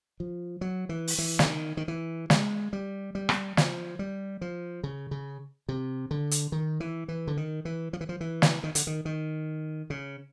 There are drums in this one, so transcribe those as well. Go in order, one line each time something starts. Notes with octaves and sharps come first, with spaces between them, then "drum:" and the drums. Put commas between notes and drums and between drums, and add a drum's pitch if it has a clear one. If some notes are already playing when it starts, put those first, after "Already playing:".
F3
F#3
E3
drum: open hi-hat
E3
D3, drum: snare
D#3
D#3
E3
G#3, drum: snare
G3
G3
drum: rim click
F3, drum: snare
G3
F3
C#3
C#3
C3
D3
drum: hi-hat
D#3
E3
E3
D3
D#3
E3
F3
E3
F3
E3
drum: snare
D#3
D3, drum: hi-hat
D#3
D#3
C#3